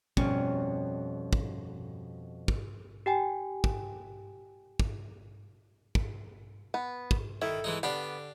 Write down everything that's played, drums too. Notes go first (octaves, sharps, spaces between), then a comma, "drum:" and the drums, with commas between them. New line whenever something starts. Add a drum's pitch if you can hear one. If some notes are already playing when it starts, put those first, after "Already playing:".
F2 B2 G3 C#4, drum: kick
drum: kick
drum: kick
G4 G5 G#5
drum: kick
drum: kick
drum: kick
B3
drum: kick
D#3 E4 A4
E3 G#3 D#4
D3 B3 D4 G4 F5